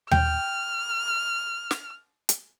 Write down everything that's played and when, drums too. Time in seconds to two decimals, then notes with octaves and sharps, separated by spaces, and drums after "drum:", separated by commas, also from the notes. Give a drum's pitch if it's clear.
0.11 G5 F6, drum: tom D#2
1.71 drum: snare
2.29 drum: hi-hat